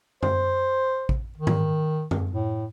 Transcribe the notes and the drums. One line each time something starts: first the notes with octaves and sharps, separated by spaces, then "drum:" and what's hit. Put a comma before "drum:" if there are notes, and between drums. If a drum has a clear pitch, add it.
C5, drum: tom F#2
drum: kick
D#3
drum: tom G#2
drum: tom F#2
A2